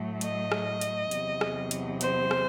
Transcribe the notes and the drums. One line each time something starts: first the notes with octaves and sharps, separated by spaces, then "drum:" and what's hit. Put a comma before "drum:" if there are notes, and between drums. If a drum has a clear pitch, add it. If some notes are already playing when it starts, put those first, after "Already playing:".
Already playing: A2 F#3 A3
D#5, drum: hi-hat
drum: rim click
drum: hi-hat
E2 C3 F#3, drum: hi-hat
drum: rim click
drum: hi-hat
C5, drum: hi-hat
drum: rim click